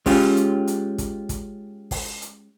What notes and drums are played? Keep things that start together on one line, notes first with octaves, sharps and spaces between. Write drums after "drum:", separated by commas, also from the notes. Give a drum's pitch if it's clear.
G#3 C#4 F4 G4, drum: kick, open hi-hat
drum: hi-hat
drum: hi-hat
drum: kick, hi-hat
drum: kick, hi-hat
drum: kick, open hi-hat
drum: hi-hat